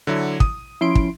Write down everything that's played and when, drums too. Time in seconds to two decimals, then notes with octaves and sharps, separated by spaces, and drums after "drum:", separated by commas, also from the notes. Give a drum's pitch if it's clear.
0.07 D3 F#3 E4
0.40 D#6, drum: kick
0.81 F3 C#4 E4 C6 D7
0.95 drum: kick